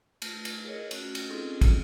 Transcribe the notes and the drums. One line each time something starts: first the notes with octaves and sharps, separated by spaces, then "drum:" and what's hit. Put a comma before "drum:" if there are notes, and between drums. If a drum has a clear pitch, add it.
A3, drum: cymbal
drum: cymbal
G#4 A#4 C#5 D#5
A3 C#4 F#4, drum: cymbal
drum: cymbal
C4 C#4 D#4 F4 G#4 A4
drum: kick, cymbal